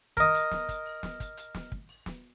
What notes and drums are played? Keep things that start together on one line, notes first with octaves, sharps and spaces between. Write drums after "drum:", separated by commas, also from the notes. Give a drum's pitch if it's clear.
A#4 D#5, drum: kick, hi-hat
drum: hi-hat
drum: snare
drum: kick, hi-hat
drum: open hi-hat
drum: snare
drum: kick, hi-hat
drum: hi-hat
drum: snare
drum: kick
drum: open hi-hat
drum: snare